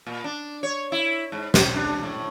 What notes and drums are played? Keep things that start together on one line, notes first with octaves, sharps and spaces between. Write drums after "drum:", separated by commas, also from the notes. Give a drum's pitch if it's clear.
A#2
D4
C#5
E4
G#2
C5, drum: snare
D4
A2